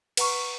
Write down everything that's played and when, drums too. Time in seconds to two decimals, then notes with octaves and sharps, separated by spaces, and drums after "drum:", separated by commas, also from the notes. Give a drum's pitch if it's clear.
0.17 B4 F#5 A#5 C#6, drum: cymbal